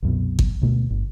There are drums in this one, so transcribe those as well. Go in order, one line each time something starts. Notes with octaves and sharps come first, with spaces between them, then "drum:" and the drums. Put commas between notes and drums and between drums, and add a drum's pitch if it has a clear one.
C2 F#2 B2
drum: kick
D2 B2 A3
G1